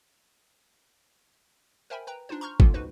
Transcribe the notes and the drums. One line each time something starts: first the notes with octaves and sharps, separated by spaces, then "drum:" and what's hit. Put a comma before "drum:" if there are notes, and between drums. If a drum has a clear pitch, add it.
A#4 C5 E5 G5 G#5 B5
B4 G5 A#5
D4 D#4 F4 C5
A#5 C6 C#6 F6 G6
A#3 B3 C#4 F4 A4, drum: kick G#1
C#2 G#2 D#4 F#4 B4 C5